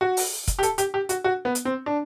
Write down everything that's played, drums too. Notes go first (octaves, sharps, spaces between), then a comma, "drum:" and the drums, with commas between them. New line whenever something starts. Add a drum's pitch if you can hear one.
F#4
drum: open hi-hat
drum: kick, hi-hat
G4
A4, drum: hi-hat
G4, drum: hi-hat
G4
F#4, drum: hi-hat
F#4
B3
drum: hi-hat
C4
D4